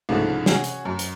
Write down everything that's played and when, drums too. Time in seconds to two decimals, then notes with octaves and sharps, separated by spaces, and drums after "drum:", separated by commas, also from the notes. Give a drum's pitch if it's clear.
0.09 C2 G#2 C#3 F3 A3
0.46 C#4 F#4 G#4, drum: snare
0.64 drum: hi-hat
0.85 F#2
0.99 drum: hi-hat